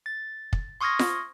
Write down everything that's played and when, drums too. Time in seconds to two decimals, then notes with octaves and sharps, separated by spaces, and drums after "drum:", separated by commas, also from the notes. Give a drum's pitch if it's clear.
0.06 A6
0.53 drum: kick
0.81 C6 C#6 D#6 F6 G#6 A#6
0.99 drum: snare F4